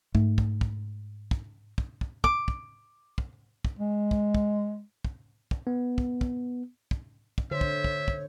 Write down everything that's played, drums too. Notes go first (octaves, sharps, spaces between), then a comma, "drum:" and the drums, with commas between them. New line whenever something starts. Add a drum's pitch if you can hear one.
G#2 A3, drum: kick
drum: kick
drum: kick
drum: kick
drum: kick
drum: kick
D6, drum: kick
drum: kick
drum: kick
drum: kick
G#3
drum: kick
drum: kick
drum: kick
drum: kick
B3
drum: kick
drum: kick
drum: kick
drum: kick
D3 C5 C#5 E5
drum: kick
drum: kick
drum: kick